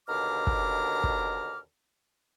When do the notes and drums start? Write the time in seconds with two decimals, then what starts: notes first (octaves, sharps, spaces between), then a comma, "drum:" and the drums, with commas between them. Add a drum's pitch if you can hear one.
0.08 D#2 B2 D3 A#5 D6 F6
0.47 drum: kick
1.04 drum: kick